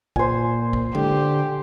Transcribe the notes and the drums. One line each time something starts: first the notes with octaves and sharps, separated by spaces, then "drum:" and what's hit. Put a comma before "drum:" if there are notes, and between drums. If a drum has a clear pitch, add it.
A#2 C5 G#5, drum: kick
drum: kick
D3 G4, drum: tom G#3